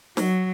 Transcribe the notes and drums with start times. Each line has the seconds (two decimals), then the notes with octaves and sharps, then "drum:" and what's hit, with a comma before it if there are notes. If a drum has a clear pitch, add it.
0.17 F#3, drum: snare